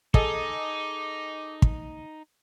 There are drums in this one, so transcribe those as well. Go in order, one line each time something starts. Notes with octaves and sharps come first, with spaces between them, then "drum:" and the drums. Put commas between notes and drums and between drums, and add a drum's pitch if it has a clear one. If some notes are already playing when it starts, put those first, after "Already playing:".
D#4 G#4 A4 D#5 D6, drum: kick
drum: kick